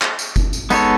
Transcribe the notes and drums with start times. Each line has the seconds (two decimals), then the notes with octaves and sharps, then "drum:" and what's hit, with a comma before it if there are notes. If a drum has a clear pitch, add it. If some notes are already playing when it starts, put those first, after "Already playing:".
0.02 drum: clap
0.19 drum: tambourine
0.36 drum: kick F#1, tambourine
0.53 drum: tambourine
0.70 G#3 B3 D#4 A4 C#5, drum: tambourine